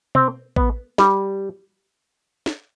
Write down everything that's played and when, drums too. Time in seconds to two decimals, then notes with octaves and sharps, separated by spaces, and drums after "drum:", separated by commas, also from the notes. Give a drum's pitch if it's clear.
0.15 C4, drum: tom B2
0.56 B3, drum: kick A1
0.98 G3, drum: snare
2.46 drum: snare